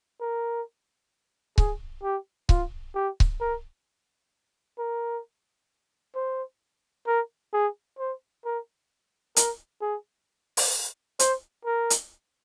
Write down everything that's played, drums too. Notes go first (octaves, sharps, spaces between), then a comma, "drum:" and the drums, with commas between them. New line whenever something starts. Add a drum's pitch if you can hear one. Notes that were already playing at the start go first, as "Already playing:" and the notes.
A#4
G#4, drum: kick C#1
G4
F4, drum: kick C#1
G4
drum: kick C#1
A#4
A#4
C5
A#4
G#4
C5
A#4
A#4, drum: hi-hat
G#4
drum: open hi-hat
C5, drum: hi-hat
A#4
drum: hi-hat